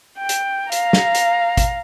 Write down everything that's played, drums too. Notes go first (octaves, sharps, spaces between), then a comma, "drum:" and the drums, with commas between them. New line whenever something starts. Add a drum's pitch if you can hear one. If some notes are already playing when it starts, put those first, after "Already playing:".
G5
drum: hi-hat
F5 A#5, drum: hi-hat
drum: snare
drum: hi-hat
drum: kick, hi-hat